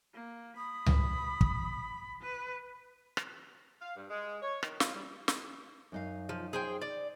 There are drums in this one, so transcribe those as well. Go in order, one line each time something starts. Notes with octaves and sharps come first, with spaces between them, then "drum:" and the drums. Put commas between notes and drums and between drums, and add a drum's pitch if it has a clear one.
A#3
B5 D#6
drum: tom C#2
drum: kick
B4
drum: rim click
F5
G2
G#3
C#5
D#3, drum: rim click
F4, drum: snare
G3
drum: snare
F#2 D#4 F5
F3
G#4 C5 G5
D5